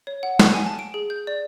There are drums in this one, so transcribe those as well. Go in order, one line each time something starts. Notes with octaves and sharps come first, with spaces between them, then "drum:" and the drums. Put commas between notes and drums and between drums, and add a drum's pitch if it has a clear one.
C#5
F#5
G5, drum: snare
G#5
A5
D7
G#4
G6
D5